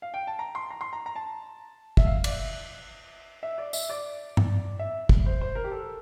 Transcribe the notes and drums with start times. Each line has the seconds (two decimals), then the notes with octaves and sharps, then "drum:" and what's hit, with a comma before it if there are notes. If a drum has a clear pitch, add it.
0.02 F5
0.14 G5
0.27 A5
0.39 A#5
0.55 C6
0.71 A#5
0.81 C6
0.93 A#5
1.06 A#5
1.16 A5
1.97 E5, drum: kick
2.06 F5
2.24 D5, drum: cymbal
2.30 E5
3.43 E5
3.58 D5
3.73 E5, drum: tambourine
3.90 D5
4.37 drum: tom
4.79 E5
5.09 drum: kick
5.26 C5
5.41 C5
5.55 A#4
5.64 G4
5.71 A4